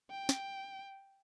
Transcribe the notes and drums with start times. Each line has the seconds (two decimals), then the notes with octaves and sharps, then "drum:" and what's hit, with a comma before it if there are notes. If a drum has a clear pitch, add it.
0.11 G5
0.29 drum: snare